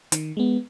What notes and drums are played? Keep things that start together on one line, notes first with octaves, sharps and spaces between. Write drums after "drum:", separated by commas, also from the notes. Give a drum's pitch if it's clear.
D#3, drum: hi-hat
G#3 B3